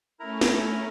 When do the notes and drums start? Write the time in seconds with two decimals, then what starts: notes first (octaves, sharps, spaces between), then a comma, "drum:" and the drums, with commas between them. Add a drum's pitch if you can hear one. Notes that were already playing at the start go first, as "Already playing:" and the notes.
0.20 A3 C#4 E4 A#4 A#5
0.41 drum: snare